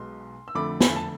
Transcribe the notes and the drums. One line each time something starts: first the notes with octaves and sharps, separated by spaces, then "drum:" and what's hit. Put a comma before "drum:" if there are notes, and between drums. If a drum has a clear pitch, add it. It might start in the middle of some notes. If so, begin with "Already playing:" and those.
Already playing: B1 B2 G#3 B3 C6
E6
F2 D3 A3 B5 D6
G#5 B5, drum: snare
A5